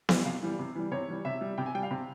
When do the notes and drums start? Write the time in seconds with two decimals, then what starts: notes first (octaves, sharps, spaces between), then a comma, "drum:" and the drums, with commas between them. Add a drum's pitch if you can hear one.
0.09 E3 G3, drum: snare B3
0.25 C3 F5
0.42 E3 G3
0.59 C3
0.75 E3 G3
0.92 C3 C#5
1.08 E3 G3
1.25 C3 E5
1.41 G3
1.58 C3 G5
1.66 G#5
1.75 G3 G5
1.83 F5
1.91 C3